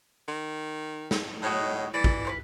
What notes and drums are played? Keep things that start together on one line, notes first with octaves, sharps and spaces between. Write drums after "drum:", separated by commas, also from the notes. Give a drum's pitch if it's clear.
D#3
drum: snare
A2 F#4 C#5 D#5
E3 D5
drum: kick
B4 C5 F6